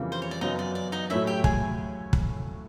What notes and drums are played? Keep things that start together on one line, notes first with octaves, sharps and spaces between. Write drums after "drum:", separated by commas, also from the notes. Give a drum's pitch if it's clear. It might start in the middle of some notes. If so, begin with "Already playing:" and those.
Already playing: F2 C#3 E3 G3 A#3
C5
C#5
D5
F#2 C#3 F#3 B3 D#4 D#5
D5
D5
D#4 D#5
A2 F#3 A3 C#4 E4 E5
G4 G5
G#4 G#5, drum: kick
drum: kick